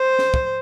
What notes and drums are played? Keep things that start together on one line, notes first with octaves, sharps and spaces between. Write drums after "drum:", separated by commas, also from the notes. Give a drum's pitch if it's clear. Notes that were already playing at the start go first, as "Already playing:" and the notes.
Already playing: C5
drum: snare
drum: kick